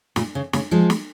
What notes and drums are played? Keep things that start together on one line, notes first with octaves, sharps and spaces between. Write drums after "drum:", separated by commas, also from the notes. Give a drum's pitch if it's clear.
A#2, drum: snare
C#3
C#3, drum: snare
F3 G#3
drum: snare